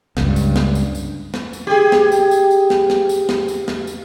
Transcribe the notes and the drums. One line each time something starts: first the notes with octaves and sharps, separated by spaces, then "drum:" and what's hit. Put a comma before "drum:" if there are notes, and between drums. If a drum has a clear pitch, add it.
C#2 G2, drum: snare
drum: tambourine
drum: snare
drum: tambourine
drum: tambourine
drum: snare
drum: tambourine
G4 G#4
drum: snare
drum: tambourine
drum: tambourine
drum: tambourine
drum: snare
drum: snare
drum: tambourine
drum: snare
drum: tambourine
drum: snare
drum: tambourine